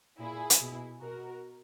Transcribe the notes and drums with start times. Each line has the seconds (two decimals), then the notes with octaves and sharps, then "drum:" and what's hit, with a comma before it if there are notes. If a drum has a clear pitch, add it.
0.19 A#2 E4 G#4
0.50 drum: hi-hat
0.60 B2
1.01 B2 F#4 A#4